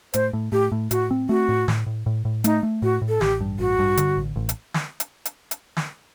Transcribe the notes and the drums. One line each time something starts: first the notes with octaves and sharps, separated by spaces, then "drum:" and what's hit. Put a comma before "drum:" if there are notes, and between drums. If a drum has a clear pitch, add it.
A2 C5, drum: hi-hat
A2
A2 G4
A2
A2 F#4, drum: hi-hat
C4
A3 F#4
A2
A2, drum: snare
A2
A2
A2
A3 D#4, drum: hi-hat
A3
A2 F#4
A2
A4
A1 G4, drum: snare
G2
A1 F#4
G2
D3, drum: hi-hat
A1
A1
drum: hi-hat
drum: snare
drum: hi-hat
drum: hi-hat
drum: hi-hat
drum: snare